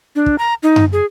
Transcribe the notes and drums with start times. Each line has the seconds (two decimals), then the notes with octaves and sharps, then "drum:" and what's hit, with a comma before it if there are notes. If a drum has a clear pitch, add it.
0.16 D4
0.26 drum: kick
0.38 A#5
0.63 D#4
0.76 drum: tom F#2
0.93 G#4